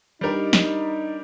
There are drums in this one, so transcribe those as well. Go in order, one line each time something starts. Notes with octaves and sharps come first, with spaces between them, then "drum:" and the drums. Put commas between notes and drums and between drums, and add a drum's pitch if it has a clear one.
G3 D4 D#4 G4 A#4
drum: snare